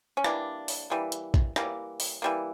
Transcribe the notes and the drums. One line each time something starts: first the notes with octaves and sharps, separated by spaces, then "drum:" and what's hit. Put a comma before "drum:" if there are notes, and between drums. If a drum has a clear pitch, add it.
C#4
E3 G3 A#3 D4, drum: rim click
drum: open hi-hat
E3 G3 A#3
drum: hi-hat
drum: kick A#1
E3 G3 A#3, drum: rim click
drum: open hi-hat
E3 G3 A#3